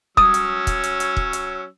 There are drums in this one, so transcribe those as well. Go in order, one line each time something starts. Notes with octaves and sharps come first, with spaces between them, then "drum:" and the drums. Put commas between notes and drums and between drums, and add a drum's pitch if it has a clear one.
F#3 C#4 D#6 E6, drum: kick
drum: hi-hat
drum: kick, hi-hat
drum: hi-hat
drum: hi-hat
drum: kick
drum: hi-hat